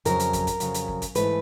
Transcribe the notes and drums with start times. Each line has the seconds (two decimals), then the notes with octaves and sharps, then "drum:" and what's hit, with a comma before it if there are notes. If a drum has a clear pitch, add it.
0.05 F2 C#3 F#3 A#4, drum: hi-hat
0.20 drum: hi-hat
0.33 drum: kick, hi-hat
0.47 drum: kick, hi-hat
0.60 F2 C#3 F#3, drum: hi-hat
0.74 drum: hi-hat
0.88 drum: kick
1.02 drum: kick, hi-hat
1.15 G#2 E3 A3 B4, drum: hi-hat